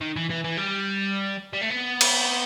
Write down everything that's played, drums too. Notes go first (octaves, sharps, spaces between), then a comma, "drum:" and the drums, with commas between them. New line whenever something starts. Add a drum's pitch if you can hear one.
D#3
E3
E3
E3
G3
G3
A3
B3
drum: cymbal